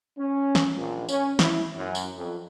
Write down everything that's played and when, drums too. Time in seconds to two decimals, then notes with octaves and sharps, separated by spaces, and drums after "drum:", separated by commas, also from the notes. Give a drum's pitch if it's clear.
0.17 C#4
0.55 drum: snare
0.77 A#1
1.09 C#4, drum: tambourine
1.39 E4, drum: snare
1.75 F#2
1.95 drum: tambourine
2.15 F2